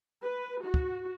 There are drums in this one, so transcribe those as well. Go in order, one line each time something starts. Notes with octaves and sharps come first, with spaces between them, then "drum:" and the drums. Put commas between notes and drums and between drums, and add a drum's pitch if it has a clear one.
B4
F#4
drum: kick